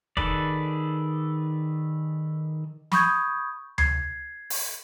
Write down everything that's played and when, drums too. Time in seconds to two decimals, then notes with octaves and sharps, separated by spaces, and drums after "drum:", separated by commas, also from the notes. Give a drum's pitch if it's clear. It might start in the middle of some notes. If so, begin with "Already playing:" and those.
0.17 D#3 G#4 A4 B4 D5, drum: kick
2.92 B5 C#6 D#6 G6 G#6, drum: snare
3.78 G#6 C7, drum: tom D2
4.50 drum: open hi-hat